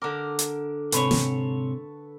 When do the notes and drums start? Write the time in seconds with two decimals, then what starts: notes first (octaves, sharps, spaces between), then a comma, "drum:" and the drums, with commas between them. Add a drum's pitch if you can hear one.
0.02 D3 A#4 D6
0.39 drum: hi-hat
0.92 G#2 C3 A4 B4 C#5 C#6, drum: hi-hat
1.11 drum: snare